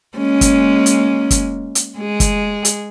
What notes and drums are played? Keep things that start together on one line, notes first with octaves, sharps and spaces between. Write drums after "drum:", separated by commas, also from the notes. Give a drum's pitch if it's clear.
G#3 A#3 C#4
drum: kick, hi-hat
drum: hi-hat
drum: kick, hi-hat
drum: hi-hat
G#3 G#4
drum: kick, hi-hat
drum: hi-hat